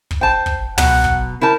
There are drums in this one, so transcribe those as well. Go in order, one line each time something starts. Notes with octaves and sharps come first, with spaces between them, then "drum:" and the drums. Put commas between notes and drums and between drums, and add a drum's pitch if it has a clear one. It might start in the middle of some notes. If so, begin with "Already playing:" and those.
drum: kick
C5 G5 A5
drum: kick
B2 F#3 F#5, drum: tom
drum: kick
E4 A#4 C5 A5